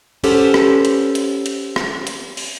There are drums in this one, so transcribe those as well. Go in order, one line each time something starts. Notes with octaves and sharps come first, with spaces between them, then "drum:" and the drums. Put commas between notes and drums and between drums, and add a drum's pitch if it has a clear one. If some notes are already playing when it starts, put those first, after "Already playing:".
C#4 G4 A4 B4 C5 F#5, drum: open hi-hat
drum: rim click
drum: hi-hat
drum: hi-hat
drum: hi-hat
drum: rim click
drum: hi-hat
drum: open hi-hat